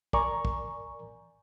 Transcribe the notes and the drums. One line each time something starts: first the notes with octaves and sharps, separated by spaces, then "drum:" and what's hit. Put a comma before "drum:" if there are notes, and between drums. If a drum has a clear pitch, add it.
A#4 D5 G#5 A#5 C#6, drum: kick
drum: kick